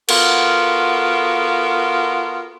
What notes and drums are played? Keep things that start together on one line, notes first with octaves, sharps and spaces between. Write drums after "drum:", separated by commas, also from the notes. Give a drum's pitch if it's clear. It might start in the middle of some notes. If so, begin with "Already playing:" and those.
B3 F4 F#4 A4 A#4, drum: cymbal